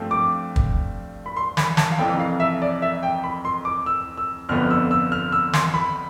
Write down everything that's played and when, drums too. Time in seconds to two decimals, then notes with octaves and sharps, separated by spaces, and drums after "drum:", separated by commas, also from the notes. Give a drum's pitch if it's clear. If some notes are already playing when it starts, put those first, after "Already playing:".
Already playing: G2 F3 A3 C4
0.11 D6
0.56 drum: kick
1.26 B5
1.37 C6
1.57 B5, drum: snare
1.77 A5, drum: snare
1.92 F5
1.98 F1 F2 E3 G5
2.20 F5
2.40 E5
2.62 D5
2.82 E5
3.03 G5
3.24 B5
3.45 C6
3.65 D6
3.86 E6
4.17 E6
4.49 G1 F2 D3 F3 B3 F6
4.70 E6
4.91 E6
5.12 F6
5.32 E6
5.53 C6, drum: snare
5.74 B5